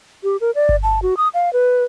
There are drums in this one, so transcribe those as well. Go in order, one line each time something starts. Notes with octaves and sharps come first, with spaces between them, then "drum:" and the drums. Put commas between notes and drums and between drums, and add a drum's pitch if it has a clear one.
G4
A#4
D5
drum: kick G1
A5
F#4
D#6
F5
B4